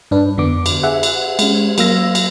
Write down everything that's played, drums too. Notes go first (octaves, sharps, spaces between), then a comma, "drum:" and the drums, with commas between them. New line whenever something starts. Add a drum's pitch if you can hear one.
G2 D4 B4
F2 D3 B3 D4 D6
drum: cymbal
G#4 E5 F#5
drum: cymbal
G#3 C#4, drum: cymbal
F#3 A#3 F5 E6 A#6, drum: cymbal
drum: cymbal